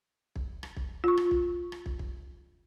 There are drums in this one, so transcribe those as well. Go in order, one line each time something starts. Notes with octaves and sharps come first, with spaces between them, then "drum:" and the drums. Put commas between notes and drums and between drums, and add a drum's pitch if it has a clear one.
drum: kick
drum: rim click
drum: kick
F4 C#6
drum: rim click
drum: kick
drum: rim click
drum: kick
drum: kick